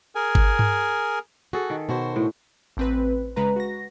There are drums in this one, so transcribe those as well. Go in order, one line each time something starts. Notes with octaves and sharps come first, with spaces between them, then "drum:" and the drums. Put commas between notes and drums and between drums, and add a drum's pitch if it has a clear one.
G#4 A#4 G#5
drum: kick G#1
drum: tom G2
F#4 G#4 A4
D#3
B2 F#4 C5
A2
A1 C4 B4
C#3 G#3 B4 A#5
F#4 A#6